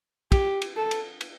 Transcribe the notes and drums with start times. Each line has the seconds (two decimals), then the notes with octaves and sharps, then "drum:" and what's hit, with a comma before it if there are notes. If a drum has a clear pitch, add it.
0.32 G4, drum: kick, cymbal
0.62 drum: cymbal
0.77 A4
0.91 drum: cymbal
1.21 drum: cymbal